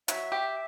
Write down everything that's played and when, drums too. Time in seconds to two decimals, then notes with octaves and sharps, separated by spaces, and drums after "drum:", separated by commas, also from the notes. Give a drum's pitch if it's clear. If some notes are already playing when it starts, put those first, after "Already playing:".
0.08 F#3 E5, drum: hi-hat
0.32 G4